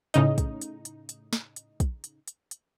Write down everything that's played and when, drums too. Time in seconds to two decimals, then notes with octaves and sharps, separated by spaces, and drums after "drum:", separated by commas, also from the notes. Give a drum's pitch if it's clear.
0.14 A2 C#3 D#4, drum: hi-hat
0.38 drum: kick, hi-hat
0.61 drum: hi-hat
0.85 drum: hi-hat
1.09 drum: hi-hat
1.33 drum: snare
1.56 drum: hi-hat
1.80 drum: kick, hi-hat
2.04 drum: hi-hat
2.28 drum: hi-hat
2.51 drum: hi-hat